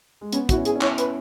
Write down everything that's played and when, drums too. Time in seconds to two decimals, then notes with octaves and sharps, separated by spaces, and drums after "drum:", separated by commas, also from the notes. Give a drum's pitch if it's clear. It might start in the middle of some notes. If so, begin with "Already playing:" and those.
0.21 G#3
0.32 B3 C#4, drum: hi-hat
0.49 F#4, drum: kick, hi-hat
0.52 E4
0.57 C#4
0.65 G#4, drum: hi-hat
0.76 C#4
0.81 E4 C#5, drum: clap
0.98 B4, drum: hi-hat